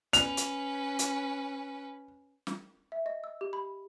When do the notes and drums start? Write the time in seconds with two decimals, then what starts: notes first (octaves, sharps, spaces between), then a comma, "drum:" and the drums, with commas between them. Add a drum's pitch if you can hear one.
0.13 C#4 B4 F7, drum: hi-hat
0.37 drum: hi-hat
0.99 drum: hi-hat
2.47 drum: snare
2.92 E5
3.06 D#5
3.24 E6
3.41 G4
3.53 B5